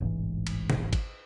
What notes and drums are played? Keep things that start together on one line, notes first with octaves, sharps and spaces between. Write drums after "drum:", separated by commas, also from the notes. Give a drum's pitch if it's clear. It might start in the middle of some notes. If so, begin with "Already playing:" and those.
E1 A1 G#2 E3
drum: cymbal
drum: tom B2
drum: kick, cymbal